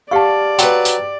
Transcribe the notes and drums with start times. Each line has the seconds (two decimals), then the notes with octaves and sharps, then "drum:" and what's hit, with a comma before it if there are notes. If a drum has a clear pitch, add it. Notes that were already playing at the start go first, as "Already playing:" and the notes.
0.11 G4 D5 F5 F#5 A5 C#6
0.59 F#3 B4 G5 C6, drum: tambourine
0.85 drum: tambourine